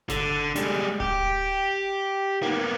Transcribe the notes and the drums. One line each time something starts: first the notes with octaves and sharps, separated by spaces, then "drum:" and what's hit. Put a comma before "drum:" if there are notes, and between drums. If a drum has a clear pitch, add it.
D3, drum: snare G1
G3 G#3, drum: hi-hat
G4, drum: kick D1
A#3 B3, drum: tom D#4